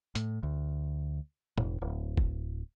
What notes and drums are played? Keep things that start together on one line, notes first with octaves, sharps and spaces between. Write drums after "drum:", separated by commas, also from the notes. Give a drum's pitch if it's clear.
A2, drum: hi-hat
D2
E1, drum: tom
D1
drum: kick